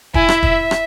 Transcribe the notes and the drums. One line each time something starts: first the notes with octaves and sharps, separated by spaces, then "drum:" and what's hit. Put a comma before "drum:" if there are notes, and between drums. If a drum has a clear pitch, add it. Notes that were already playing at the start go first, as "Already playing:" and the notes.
E4 G#5, drum: kick
E5, drum: rim click
E5, drum: kick
drum: rim click